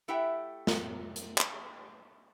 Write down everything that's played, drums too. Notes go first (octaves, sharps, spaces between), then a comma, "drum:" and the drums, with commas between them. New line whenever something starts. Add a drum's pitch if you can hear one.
A3 E4 G4 E5 F#5 G5
drum: snare
drum: hi-hat
drum: clap